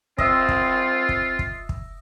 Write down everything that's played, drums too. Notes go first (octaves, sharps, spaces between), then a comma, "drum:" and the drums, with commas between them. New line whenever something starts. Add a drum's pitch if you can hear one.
C4 F4 D#5 E5, drum: kick
drum: kick
drum: kick
drum: kick
drum: kick